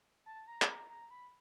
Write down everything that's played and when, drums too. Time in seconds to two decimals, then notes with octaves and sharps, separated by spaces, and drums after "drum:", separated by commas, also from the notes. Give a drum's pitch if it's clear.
0.26 A5
0.47 A#5
0.62 A5, drum: clap
0.68 A#5
0.90 A#5
1.10 B5